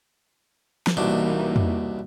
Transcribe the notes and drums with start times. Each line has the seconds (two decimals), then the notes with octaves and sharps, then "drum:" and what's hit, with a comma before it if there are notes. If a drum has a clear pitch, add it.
0.87 drum: snare
0.97 C2 B2 E3 A#3 D4 D#4
1.56 drum: tom